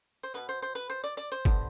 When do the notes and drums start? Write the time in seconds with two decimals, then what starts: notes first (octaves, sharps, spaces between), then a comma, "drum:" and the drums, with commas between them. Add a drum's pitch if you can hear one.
0.23 C5
0.34 B2 F#3 B3 B4
0.49 C5
0.62 C5
0.75 B4
0.90 C5
1.04 D5
1.17 D5
1.32 C5
1.45 D3 G3 B3, drum: kick G1